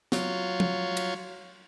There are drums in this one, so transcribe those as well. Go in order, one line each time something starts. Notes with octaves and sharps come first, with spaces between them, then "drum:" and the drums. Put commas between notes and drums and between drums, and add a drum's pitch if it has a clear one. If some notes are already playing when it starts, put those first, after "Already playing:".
F#3 F4 C#5, drum: snare
drum: tom F3
drum: cymbal